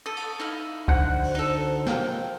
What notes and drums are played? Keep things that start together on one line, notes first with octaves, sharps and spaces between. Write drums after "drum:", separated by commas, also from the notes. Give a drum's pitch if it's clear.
A4 D#6
drum: cymbal
D#4 E4 F5
D3 F#4 C5 F#5, drum: kick C#2
drum: open hi-hat
D#4 A4
G#3 A#3 F4 G5, drum: snare